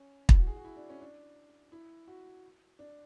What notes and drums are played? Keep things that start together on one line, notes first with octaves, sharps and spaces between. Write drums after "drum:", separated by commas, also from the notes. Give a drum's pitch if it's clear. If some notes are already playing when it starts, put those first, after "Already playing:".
Already playing: C#4
E4, drum: kick
F#4
G#4
F#4
E4
D4
C#4
D4
E4
F#4
D4